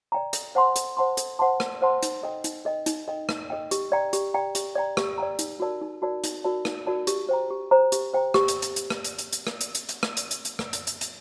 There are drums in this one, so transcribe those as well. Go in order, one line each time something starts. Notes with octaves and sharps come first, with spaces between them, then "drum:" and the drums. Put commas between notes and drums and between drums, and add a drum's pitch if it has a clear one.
D5 G5 A#5
A4, drum: hi-hat
C5 F#5 A5 C6
A4, drum: hi-hat
C5 F#5 A5 C6
A4, drum: hi-hat
C5 F#5 A5 C6
A4, drum: rim click
C5 F#5 A5 C6
D#4, drum: hi-hat
A4 D#5 G5
D#4, drum: hi-hat
A4 D#5 G5
D#4, drum: hi-hat
A4 D#5 G5
D#4, drum: rim click
A4 D#5 G5
G4, drum: hi-hat
D5 G5 A#5
G4, drum: hi-hat
D5 G5 A#5
G4, drum: hi-hat
D5 G5 A#5
G4, drum: rim click
D5 G5 A#5
D#4, drum: hi-hat
F#4 A#4 D5 A5
D#4
F#4 A#4 D5 A5
D#4, drum: hi-hat
F#4 A#4 D5 A5
D#4, drum: rim click
F#4 A#4 D5 A5
G4, drum: hi-hat
C5 G5 A#5
G4
C5 G5 A#5
G4, drum: hi-hat
C5 G5 A#5
G4, drum: rim click
drum: hi-hat
drum: hi-hat
drum: hi-hat
drum: rim click
drum: hi-hat
drum: hi-hat
drum: hi-hat
drum: rim click
drum: hi-hat
drum: hi-hat
drum: hi-hat
drum: rim click
drum: hi-hat
drum: hi-hat
drum: hi-hat
drum: rim click
drum: hi-hat
drum: hi-hat
drum: hi-hat